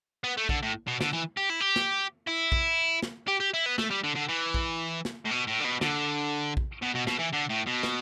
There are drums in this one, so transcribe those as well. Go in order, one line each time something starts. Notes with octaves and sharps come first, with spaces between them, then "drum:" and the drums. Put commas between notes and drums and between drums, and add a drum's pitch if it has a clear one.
B3
A3
D3, drum: kick A#1
A2
B2
D3, drum: snare
E3
G4
E4
G4
drum: snare
E4
drum: kick A#1
drum: snare
G4
G4
E4
B3
A3, drum: snare
G3
D3
D3
E3
drum: kick A#1
drum: snare
A2
B2
A2
D3
B2
D3, drum: snare
drum: kick A#1
B2
B2
B2, drum: snare
E3
D3
A2
B2
drum: snare